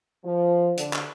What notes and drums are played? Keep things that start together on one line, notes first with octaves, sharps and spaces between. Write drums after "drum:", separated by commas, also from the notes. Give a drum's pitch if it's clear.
F3
D3, drum: hi-hat
drum: clap